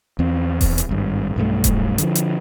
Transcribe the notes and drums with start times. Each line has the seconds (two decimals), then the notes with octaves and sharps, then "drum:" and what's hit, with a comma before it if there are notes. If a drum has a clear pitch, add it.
0.19 E2 C4
0.61 drum: kick D#1, open hi-hat
0.78 drum: hi-hat
0.89 G#1 G2
1.36 B1 G2 D#3 A3
1.64 drum: kick D#1, hi-hat
1.98 D3 F3, drum: hi-hat
2.15 drum: hi-hat